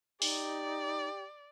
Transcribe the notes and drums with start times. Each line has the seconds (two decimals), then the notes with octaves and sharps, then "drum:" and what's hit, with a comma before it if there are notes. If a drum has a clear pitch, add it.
0.22 D#4 G4 D5, drum: open hi-hat